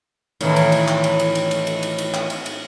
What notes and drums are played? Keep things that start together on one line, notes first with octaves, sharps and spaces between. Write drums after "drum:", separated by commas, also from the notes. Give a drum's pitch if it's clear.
A2 D#3 E3, drum: cymbal
drum: cymbal
drum: cymbal
drum: clap
drum: cymbal
drum: cymbal
drum: cymbal
drum: cymbal
drum: cymbal
drum: cymbal
drum: cymbal
drum: clap
drum: cymbal
drum: cymbal